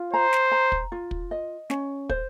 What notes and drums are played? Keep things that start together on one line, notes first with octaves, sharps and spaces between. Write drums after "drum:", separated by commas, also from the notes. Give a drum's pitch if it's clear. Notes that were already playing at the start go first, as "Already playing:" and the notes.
Already playing: F4
C5 A#5
drum: snare
A#5
drum: kick
F4
drum: kick
D#5
C#4, drum: snare
C5, drum: kick